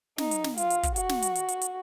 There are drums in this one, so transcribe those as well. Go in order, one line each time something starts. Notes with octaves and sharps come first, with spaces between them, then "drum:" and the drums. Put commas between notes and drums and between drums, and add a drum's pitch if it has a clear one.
D#4, drum: snare
drum: hi-hat
drum: snare
F4, drum: hi-hat
drum: hi-hat
drum: kick, hi-hat
F#4, drum: hi-hat
drum: snare
drum: hi-hat
drum: hi-hat
drum: hi-hat
drum: hi-hat